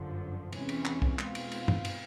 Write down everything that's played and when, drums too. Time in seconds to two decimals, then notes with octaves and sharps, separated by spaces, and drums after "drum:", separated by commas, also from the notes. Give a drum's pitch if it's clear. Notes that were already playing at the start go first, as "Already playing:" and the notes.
Already playing: G1 F#2 D3 F3
0.52 E2 C3 E3 G#3 C#4, drum: cymbal
0.69 drum: cymbal
0.85 drum: clap
1.02 drum: kick B1
1.19 B2 G#3 C4 F4, drum: clap
1.35 drum: cymbal
1.52 drum: cymbal
1.68 drum: tom G2
1.85 drum: cymbal